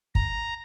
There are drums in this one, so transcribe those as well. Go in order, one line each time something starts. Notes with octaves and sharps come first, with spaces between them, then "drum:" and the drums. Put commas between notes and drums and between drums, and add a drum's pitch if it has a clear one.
A#5, drum: kick